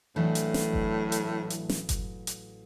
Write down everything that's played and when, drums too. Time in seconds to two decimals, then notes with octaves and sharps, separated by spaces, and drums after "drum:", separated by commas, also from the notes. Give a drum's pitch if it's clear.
0.16 A1 A2 E3 F#3 A3 D4 G6
0.35 drum: hi-hat
0.54 drum: snare
0.74 drum: kick F#1
1.12 drum: hi-hat
1.50 drum: hi-hat
1.69 drum: snare
1.89 drum: kick F#1, hi-hat
2.27 drum: hi-hat